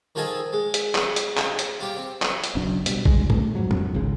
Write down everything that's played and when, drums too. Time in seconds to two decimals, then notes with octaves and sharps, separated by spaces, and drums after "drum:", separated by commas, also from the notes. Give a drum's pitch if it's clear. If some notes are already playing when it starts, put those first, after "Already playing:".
0.15 D#3 F3 F4 G#4 A4 D#5
0.53 G#3
0.74 drum: hi-hat
0.95 drum: clap
1.16 drum: hi-hat
1.38 drum: clap
1.59 drum: hi-hat
1.80 F4 G4
1.96 C4
2.22 drum: clap
2.44 drum: hi-hat
2.55 F#1 B1 F#2 D4
2.86 B2 G3, drum: hi-hat
3.05 A#1 G3 G#3, drum: kick
3.30 A3, drum: tom
3.55 F2 G#2 F#3
3.71 drum: tom
3.95 G#1 C#2 C#3 G#3